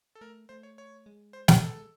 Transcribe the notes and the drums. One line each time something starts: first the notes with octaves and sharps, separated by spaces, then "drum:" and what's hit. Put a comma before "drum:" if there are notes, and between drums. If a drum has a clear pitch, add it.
A4
A3 A#4
A3 C5
C#5
C#5
G#3
C5
A#4, drum: snare
G#3 A4
G#3